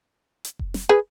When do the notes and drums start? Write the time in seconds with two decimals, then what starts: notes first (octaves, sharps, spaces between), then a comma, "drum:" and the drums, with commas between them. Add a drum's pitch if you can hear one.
0.44 drum: hi-hat
0.59 drum: kick F1
0.74 drum: snare
0.89 G#4 B4